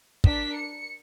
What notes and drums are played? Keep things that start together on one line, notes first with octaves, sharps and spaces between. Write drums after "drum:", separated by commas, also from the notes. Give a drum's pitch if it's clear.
D4 A#4 B6, drum: kick
C#7